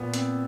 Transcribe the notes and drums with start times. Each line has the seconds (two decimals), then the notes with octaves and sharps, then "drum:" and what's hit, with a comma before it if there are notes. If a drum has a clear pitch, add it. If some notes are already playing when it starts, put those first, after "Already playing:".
Already playing: A#2 B3
0.14 C4, drum: hi-hat